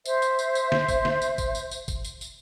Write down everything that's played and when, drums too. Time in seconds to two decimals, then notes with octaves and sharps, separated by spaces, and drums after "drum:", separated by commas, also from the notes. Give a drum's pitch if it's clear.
0.06 C5 E5, drum: tambourine
0.22 drum: tambourine
0.39 drum: tambourine
0.55 drum: tambourine
0.72 drum: snare
0.88 drum: kick, tambourine
1.05 drum: snare
1.22 drum: tambourine
1.38 drum: kick, tambourine
1.55 drum: tambourine
1.71 drum: tambourine
1.88 drum: kick, tambourine
2.05 drum: tambourine
2.21 drum: tambourine